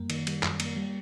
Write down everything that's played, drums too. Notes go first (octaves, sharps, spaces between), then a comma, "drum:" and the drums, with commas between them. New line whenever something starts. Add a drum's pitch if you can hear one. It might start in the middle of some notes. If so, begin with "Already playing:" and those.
Already playing: F#2 G3 A#3
D#3, drum: cymbal
G3, drum: cymbal
F#2, drum: clap
A#3, drum: cymbal
G3